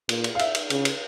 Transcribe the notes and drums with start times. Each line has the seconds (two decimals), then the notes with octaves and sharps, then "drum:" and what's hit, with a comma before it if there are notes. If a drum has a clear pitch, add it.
0.09 A#2, drum: cymbal
0.24 drum: cymbal
0.35 F5
0.39 E5, drum: cymbal
0.55 drum: cymbal
0.70 C#3, drum: cymbal
0.85 drum: cymbal